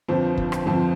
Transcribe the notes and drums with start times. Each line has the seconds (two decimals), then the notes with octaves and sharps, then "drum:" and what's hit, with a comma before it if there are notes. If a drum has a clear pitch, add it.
0.08 G1 F2 F3 C5
0.37 drum: kick
0.52 drum: rim click
0.66 G1 F2 F3 C5